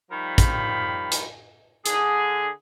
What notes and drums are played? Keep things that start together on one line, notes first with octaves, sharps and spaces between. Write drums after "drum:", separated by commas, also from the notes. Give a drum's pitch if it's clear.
D#3 F3 G3 A#4 B5
drum: kick, hi-hat
drum: hi-hat
D3 G#4, drum: hi-hat